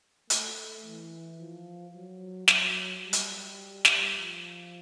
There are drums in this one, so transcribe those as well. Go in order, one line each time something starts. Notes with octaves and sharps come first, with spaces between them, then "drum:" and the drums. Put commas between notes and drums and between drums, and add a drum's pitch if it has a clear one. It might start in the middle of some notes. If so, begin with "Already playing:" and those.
A3, drum: hi-hat
E3
F3
F#3
F#3, drum: snare
G3
drum: hi-hat
drum: snare
F3